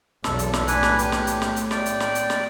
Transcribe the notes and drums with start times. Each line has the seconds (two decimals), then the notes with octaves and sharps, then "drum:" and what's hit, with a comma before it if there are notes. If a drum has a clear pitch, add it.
0.24 B1 E2 A4, drum: snare
0.39 drum: hi-hat
0.53 drum: snare
0.68 A2 A3 D4 B4 G#5, drum: hi-hat
0.83 drum: snare
0.99 G4, drum: hi-hat
1.12 drum: snare
1.27 drum: hi-hat
1.42 drum: snare
1.56 drum: hi-hat
1.71 D5 G5, drum: snare
1.86 drum: hi-hat
2.00 drum: snare
2.15 drum: hi-hat
2.30 drum: snare